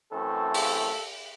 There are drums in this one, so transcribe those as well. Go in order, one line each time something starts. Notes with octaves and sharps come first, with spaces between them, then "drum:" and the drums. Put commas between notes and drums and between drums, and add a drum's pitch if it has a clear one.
F#2 E3 A3 C4 A4
drum: open hi-hat